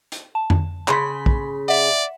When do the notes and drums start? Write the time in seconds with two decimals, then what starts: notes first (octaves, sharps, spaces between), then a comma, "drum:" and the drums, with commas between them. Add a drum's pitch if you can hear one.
0.12 drum: hi-hat
0.35 A5
0.50 drum: tom F2
0.88 C#3 B5 C6 B6, drum: clap
1.26 drum: kick
1.68 D5 E5 F#5